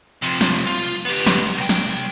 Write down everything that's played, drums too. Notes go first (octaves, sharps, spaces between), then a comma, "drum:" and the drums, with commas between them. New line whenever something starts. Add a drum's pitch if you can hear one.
C3 F3
drum: snare
F4
drum: cymbal
B3 G4
drum: snare
C2 G5
drum: snare